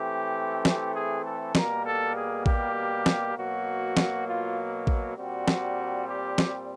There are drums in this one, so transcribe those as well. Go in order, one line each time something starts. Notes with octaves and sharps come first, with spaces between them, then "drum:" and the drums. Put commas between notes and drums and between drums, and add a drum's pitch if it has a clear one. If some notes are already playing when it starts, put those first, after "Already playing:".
Already playing: E3 A3 C4 G4
G4, drum: snare
G#4
A4
B2 G3 A#3 A#4, drum: snare
A4
G#4
G4, drum: kick A1
drum: snare
B2 F#3 A#3 F#4
drum: snare
F4
drum: kick A1
A#2 G3 C4 F#4
drum: snare
G4
drum: snare